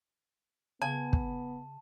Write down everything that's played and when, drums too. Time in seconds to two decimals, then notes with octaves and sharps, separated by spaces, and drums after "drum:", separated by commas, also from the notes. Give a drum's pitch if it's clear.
0.82 C#3 B3 G#5 A5
1.13 drum: kick